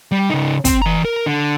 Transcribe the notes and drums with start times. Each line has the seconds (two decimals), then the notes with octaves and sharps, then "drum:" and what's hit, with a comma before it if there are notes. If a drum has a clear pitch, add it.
0.12 G3
0.30 C#3 D#4
0.65 C4, drum: kick, hi-hat
0.82 E3 A#5
1.05 A#4
1.26 D3